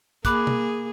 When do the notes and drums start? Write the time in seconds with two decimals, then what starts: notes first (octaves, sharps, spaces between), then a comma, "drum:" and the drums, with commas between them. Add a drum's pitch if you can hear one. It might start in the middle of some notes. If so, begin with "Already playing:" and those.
0.25 A#3 G#4 B5 D6 F#6, drum: kick, hi-hat
0.47 drum: tom B2